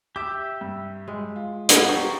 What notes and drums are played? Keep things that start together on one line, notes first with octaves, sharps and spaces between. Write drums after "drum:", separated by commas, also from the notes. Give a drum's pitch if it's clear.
G4 E5 D6
G2
G#3
F4
B3, drum: hi-hat
G4 C5 D5 A#5 C#6